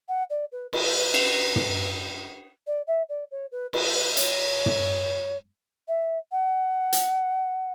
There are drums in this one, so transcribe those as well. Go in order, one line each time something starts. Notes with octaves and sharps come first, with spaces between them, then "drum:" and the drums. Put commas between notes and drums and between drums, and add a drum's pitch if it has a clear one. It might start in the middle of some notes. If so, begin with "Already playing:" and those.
F#5
D5
B4
B4, drum: cymbal
drum: cymbal
drum: tom
D5
E5
D5
C#5
B4
B4, drum: cymbal
B4
C#5, drum: hi-hat
drum: tom
E5
F#5
drum: hi-hat